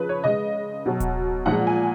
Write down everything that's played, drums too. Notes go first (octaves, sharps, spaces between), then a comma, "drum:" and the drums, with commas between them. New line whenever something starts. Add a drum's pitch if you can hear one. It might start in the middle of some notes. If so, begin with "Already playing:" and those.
Already playing: C#3 F3 B4
C#5
C#3 G#3 D#5
B2 F#3
drum: kick D1, hi-hat
A#2 F3 G#3 F#5
G#5